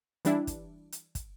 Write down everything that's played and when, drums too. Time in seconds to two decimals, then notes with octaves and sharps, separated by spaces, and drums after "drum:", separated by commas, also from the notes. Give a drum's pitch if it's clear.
0.25 E3 G3 D4 E4, drum: hi-hat
0.47 drum: kick, hi-hat
0.92 drum: hi-hat
1.15 drum: kick, hi-hat